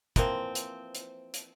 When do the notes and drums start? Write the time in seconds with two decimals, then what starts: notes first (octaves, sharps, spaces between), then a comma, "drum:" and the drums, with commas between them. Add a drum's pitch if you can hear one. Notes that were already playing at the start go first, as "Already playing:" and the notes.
0.16 E3 F3 A#3 C4, drum: kick, hi-hat
0.55 drum: hi-hat
0.95 drum: hi-hat
1.34 drum: hi-hat